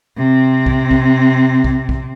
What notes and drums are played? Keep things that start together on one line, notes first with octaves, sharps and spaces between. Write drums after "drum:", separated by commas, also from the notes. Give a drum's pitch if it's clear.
C3 C4
drum: kick
drum: kick
drum: kick
drum: kick